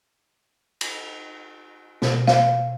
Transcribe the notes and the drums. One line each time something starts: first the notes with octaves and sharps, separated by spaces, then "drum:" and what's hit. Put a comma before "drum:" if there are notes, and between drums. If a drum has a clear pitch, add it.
drum: cymbal
B2, drum: snare
F5, drum: snare